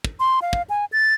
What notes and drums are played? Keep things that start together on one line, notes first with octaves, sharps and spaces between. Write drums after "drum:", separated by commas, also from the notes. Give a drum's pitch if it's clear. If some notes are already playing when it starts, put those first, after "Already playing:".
drum: kick
C6
F5
drum: kick
G#5
A6